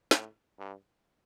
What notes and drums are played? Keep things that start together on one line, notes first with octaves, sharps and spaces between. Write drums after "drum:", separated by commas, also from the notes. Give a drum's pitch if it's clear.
A2, drum: snare
G2